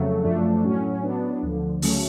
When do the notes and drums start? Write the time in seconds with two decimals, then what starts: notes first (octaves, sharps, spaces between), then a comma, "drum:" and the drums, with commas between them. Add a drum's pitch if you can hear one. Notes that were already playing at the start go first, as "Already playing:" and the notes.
Already playing: F2 C#3 F#3 A3
0.23 F#2 F3 A3 D4
0.64 A2 F#3 C#4
1.03 A2 F#3 B3 D4
1.43 D2 D3 F3
1.82 D2 C#3 F#3 A3 C#4, drum: open hi-hat